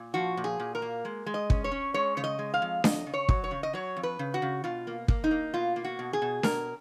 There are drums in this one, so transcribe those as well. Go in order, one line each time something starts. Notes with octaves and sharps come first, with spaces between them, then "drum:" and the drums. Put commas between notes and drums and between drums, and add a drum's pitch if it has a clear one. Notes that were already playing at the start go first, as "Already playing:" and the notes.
Already playing: A#2
F3 F#4
A#2
G#4
A#2
A#4
A#3
G#3
G#3
D#5
C#4, drum: kick
C#5
C#4
G#3 C#5
C#3 C#5
D#5
G#3
F5
F2
F2 D#5, drum: snare D4
C#3
C#5
F#3, drum: kick
C#5
C#3
D#5
F#3 C#5
F2
B4
C#3
F#4
C#3
B2 F4
A#3
A#3, drum: kick
D#4
A#3
B2 F4
A#3
F#4
B2
G#4
B2
B2 A#4, drum: snare D4